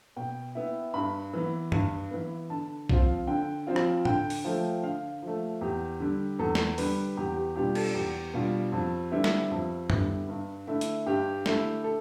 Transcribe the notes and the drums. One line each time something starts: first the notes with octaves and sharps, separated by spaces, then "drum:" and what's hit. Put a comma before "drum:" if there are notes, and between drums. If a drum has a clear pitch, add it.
B2 G5
B3 E4
G2 B5
E3 B3
G2, drum: tom
E3 B3
D3 A5
F3 C4 F4, drum: kick B1
D3 G5
F3 C4 F4
drum: rim click
D3 G5, drum: tom
drum: open hi-hat
F3 A3
D3 F5
F3 A3
E2 G4
D3 G3
E2 A4
drum: snare
D3 G3 B4, drum: open hi-hat
E2 G4
G4
B2 G3 D4 F4 G4
A4, drum: cymbal
E2 G4
B2 G3 D4 F4
F2
D3 G3 B3 E4
drum: snare
F2
D3 G3 B3 E4, drum: tom
G2
D3 A3 E4
drum: hi-hat
G2 G4
D3 A3 E4, drum: snare
A4